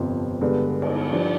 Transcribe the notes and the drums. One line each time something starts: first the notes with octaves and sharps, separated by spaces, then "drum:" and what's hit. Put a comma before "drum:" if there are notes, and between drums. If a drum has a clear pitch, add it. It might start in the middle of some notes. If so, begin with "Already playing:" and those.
Already playing: G1 F2 C3 F3 C4
G2 D3 G#3 B3
drum: cymbal
G2 F3 D4